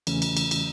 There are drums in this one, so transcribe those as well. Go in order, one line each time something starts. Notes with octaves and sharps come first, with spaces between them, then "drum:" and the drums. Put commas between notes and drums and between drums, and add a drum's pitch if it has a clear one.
E2 C#3 E3 A3 C#4, drum: cymbal
drum: cymbal
drum: cymbal
drum: cymbal